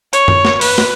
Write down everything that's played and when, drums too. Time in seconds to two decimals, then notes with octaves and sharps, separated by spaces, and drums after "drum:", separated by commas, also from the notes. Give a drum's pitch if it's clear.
0.13 C#5, drum: hi-hat
0.28 drum: tom F#2
0.45 drum: snare
0.61 B4, drum: open hi-hat
0.78 drum: snare